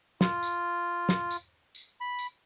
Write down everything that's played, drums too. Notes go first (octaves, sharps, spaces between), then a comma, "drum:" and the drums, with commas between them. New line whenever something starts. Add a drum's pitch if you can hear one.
F4, drum: snare
drum: tambourine
drum: snare
drum: tambourine
drum: tambourine
B5
drum: tambourine